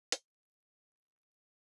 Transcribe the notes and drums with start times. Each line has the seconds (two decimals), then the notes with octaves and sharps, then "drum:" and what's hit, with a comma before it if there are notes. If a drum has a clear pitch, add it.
0.12 F#1, drum: hi-hat
0.85 D2 F4 C5